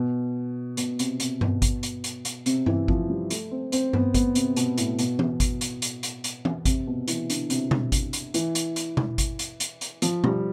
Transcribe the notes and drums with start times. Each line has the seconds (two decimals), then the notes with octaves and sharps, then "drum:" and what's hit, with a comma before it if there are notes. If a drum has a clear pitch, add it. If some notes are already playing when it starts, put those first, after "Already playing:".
Already playing: B2
0.77 B2, drum: hi-hat
0.99 C3, drum: hi-hat
1.20 C3, drum: hi-hat
1.41 B2, drum: tom G2
1.62 drum: kick G#1, hi-hat
1.83 drum: hi-hat
2.04 drum: hi-hat
2.25 drum: hi-hat
2.46 C3, drum: hi-hat
2.66 E3, drum: tom G2
2.88 F3, drum: kick G#1
3.10 G3
3.30 A3, drum: hi-hat
3.51 C4
3.72 C4, drum: hi-hat
3.93 B3, drum: tom G2
4.14 B3, drum: kick G#1, hi-hat
4.35 C3, drum: hi-hat
4.56 B2, drum: hi-hat
4.78 A2, drum: hi-hat
4.99 B2, drum: hi-hat
5.19 drum: tom E3
5.40 drum: kick G#1, hi-hat
5.61 drum: hi-hat
5.82 drum: hi-hat
6.03 drum: hi-hat
6.24 drum: hi-hat
6.45 drum: tom E3
6.65 C3, drum: kick G#1, hi-hat
6.87 B2
7.08 E3, drum: hi-hat
7.30 D3, drum: hi-hat
7.50 C3, drum: hi-hat
7.71 drum: tom B2
7.92 drum: kick G#1, hi-hat
8.13 drum: hi-hat
8.34 E3, drum: hi-hat
8.55 drum: hi-hat
8.76 drum: hi-hat
8.97 drum: tom B2
9.18 drum: kick G#1, hi-hat
9.39 drum: hi-hat
9.60 drum: hi-hat
9.81 drum: hi-hat
10.02 F3, drum: hi-hat
10.24 G3, drum: tom B2